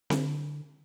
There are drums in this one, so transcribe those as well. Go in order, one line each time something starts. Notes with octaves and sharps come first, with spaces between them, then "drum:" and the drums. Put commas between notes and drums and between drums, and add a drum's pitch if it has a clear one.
D3, drum: snare C4